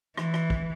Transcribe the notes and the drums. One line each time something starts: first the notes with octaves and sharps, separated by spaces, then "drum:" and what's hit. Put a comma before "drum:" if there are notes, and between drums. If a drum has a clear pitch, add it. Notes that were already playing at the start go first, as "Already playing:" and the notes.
E3, drum: rim click
drum: rim click
drum: kick